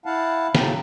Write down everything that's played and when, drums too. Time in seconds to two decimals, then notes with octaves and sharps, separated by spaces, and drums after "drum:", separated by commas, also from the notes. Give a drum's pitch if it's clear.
0.06 E4 F5 F#5 A5
0.55 A2 C#3 F#3 G5 A5, drum: snare